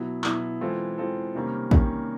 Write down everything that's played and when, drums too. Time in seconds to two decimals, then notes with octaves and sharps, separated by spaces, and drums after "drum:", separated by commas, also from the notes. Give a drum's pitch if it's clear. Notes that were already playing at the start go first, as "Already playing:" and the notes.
Already playing: B2 F#3 B3 E4
0.24 B2 F#3 B3 E4, drum: clap
0.61 E3 G#3 C4 F4 A4
0.98 E3 G#3 C4 F4 A4
1.35 C3 D#3 G3 A#3 C#4
1.71 C3 D#3 G3 A#3 C#4, drum: kick